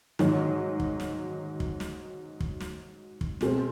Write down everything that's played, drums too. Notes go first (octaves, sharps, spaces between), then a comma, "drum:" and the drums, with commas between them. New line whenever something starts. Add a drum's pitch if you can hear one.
G#2 D#3 F#3, drum: snare
drum: kick
drum: snare
drum: kick
drum: snare
drum: kick
drum: snare
drum: kick
B2 G#3 C4, drum: snare